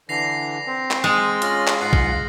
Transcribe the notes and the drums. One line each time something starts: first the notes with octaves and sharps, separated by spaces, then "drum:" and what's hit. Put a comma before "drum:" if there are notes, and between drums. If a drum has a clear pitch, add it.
D3 E3 A#6 C7 F7
C4
drum: clap
G#3 F6 A6 D#7
C#4 F4 F6 A#6 F#7, drum: hi-hat
drum: clap
G#2 F4 F#5 C7
drum: kick